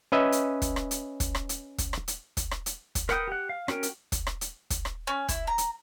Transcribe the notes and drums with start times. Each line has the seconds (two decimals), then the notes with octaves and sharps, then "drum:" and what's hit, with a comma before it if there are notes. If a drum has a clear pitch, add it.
0.12 C#4 B4 D#5 E5
0.32 drum: hi-hat
0.62 drum: kick, hi-hat
0.76 drum: rim click
0.91 drum: hi-hat
1.20 drum: kick, hi-hat
1.35 drum: rim click
1.49 drum: hi-hat
1.78 drum: kick, hi-hat
1.93 drum: rim click
2.08 drum: hi-hat
2.37 drum: kick, hi-hat
2.51 drum: rim click
2.66 drum: hi-hat
2.95 drum: kick, hi-hat
3.09 A#4 B4 F#5 G5 D#6, drum: rim click
3.28 G4 F#5
3.49 F5
3.68 C#4 F#4 A#4 G5, drum: rim click
3.83 drum: hi-hat
4.12 drum: kick, hi-hat
4.27 drum: rim click
4.41 drum: hi-hat
4.70 drum: kick, hi-hat
4.85 drum: rim click
5.07 C#4
5.29 E4, drum: kick, hi-hat
5.47 A#5
5.58 drum: hi-hat